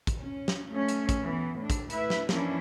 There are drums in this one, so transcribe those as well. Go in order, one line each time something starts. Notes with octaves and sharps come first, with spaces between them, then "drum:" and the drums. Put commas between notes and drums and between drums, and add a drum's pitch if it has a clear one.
drum: kick, hi-hat
C#4
drum: snare
A3 C#4
drum: hi-hat
drum: kick, hi-hat
E3 B3
A2 D4
drum: kick, hi-hat
A2 E4 B4 E5, drum: hi-hat
drum: snare
E3 F3 A#3 C#4 D4 E4, drum: snare